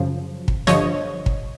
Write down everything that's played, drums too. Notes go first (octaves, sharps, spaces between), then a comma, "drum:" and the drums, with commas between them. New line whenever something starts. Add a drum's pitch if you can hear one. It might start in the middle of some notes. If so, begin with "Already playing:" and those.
Already playing: F#2 C#3 F3
drum: kick
G2 D3 F3 C#5 D#5, drum: snare
drum: kick